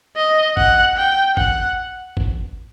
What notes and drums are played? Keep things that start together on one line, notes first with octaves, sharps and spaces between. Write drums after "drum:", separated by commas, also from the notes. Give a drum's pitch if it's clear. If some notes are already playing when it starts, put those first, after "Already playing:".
D#5
F#5, drum: kick
G5
F#5, drum: kick
drum: kick